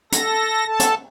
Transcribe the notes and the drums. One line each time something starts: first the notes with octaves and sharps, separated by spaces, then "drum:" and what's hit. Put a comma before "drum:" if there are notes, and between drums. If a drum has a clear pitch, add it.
A4 A#6, drum: hi-hat
A4 A5
drum: hi-hat